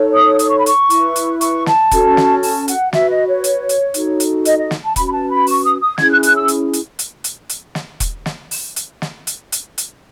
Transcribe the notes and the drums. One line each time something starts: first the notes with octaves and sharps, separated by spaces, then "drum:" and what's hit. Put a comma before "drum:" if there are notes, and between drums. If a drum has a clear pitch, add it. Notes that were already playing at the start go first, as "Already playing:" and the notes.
Already playing: D#4 A4 C#5
D#6
D#6, drum: hi-hat
C#6
B5
C#6, drum: hi-hat
E4 B4, drum: hi-hat
drum: hi-hat
C#6, drum: hi-hat
A5, drum: snare
C#4 F#4 A4, drum: kick E1, hi-hat
drum: snare
A5, drum: open hi-hat
F#5, drum: hi-hat
F#4 B4 E5, drum: snare
D#5
C#5
drum: hi-hat
drum: hi-hat
D#4 F#4 A4, drum: hi-hat
drum: hi-hat
D#5, drum: hi-hat
D#5
drum: snare
A5
C#4 F#4 B4 B5, drum: kick E1, hi-hat
B5
A5
B5
C#6, drum: open hi-hat
D#6
D#6
C#4 E4 G#4 G#6, drum: snare
F#6
F#6, drum: hi-hat
E6
drum: hi-hat
drum: hi-hat
drum: hi-hat
drum: hi-hat
drum: hi-hat
drum: snare
drum: kick E1, hi-hat
drum: snare
drum: open hi-hat
drum: hi-hat
drum: snare
drum: hi-hat
drum: hi-hat
drum: hi-hat